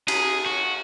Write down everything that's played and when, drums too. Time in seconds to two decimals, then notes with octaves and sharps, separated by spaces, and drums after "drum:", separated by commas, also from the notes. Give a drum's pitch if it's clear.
0.08 G#4, drum: cymbal
0.46 F#4